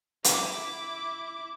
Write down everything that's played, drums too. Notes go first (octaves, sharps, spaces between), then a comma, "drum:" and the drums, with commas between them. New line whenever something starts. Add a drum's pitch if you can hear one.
E4 D6, drum: hi-hat